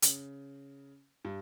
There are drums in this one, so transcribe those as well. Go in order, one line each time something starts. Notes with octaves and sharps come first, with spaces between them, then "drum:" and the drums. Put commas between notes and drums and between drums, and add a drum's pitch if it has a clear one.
C#3, drum: hi-hat
G2